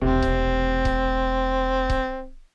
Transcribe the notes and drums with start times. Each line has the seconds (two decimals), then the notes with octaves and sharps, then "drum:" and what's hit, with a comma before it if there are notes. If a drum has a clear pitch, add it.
0.02 E1 C3 A3 C4
0.22 drum: kick C#1
0.85 drum: kick C#1
1.90 drum: kick C#1